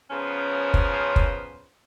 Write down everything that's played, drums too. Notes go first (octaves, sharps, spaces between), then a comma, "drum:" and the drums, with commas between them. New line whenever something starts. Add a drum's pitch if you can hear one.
C#3 F3 B3 C#4 A#4 C5
drum: kick
drum: kick